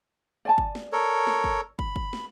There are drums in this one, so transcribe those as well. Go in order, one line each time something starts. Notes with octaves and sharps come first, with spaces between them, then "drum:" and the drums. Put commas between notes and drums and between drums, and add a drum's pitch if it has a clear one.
D5 G#5 A5
drum: kick
drum: snare
A4 A#4 C#5
drum: snare
drum: kick
B5, drum: kick
drum: kick
drum: snare